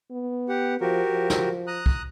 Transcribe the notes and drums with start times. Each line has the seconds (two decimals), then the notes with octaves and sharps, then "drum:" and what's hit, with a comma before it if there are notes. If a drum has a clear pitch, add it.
0.11 B3
0.49 G4 F#5
0.81 F3 F#4 G4 A#4
1.11 F3
1.30 drum: snare
1.67 A#5 D#6 F#6
1.86 drum: kick